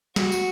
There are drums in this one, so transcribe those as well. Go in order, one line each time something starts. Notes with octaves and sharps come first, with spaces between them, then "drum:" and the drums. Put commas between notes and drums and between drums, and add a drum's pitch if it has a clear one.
F#4, drum: snare
drum: tambourine